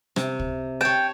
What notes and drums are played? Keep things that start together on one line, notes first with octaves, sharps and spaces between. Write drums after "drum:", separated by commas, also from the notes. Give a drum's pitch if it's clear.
C3, drum: rim click
drum: kick
C#5 G5 A5